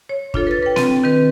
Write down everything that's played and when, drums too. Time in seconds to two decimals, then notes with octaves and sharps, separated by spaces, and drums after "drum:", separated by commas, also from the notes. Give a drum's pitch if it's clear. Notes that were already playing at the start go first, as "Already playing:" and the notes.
0.09 C#5
0.34 D4 F4 A4 C#5, drum: kick
0.47 B4 A6
0.63 B4 G5
0.76 C4, drum: snare
1.04 D#3 C4 B4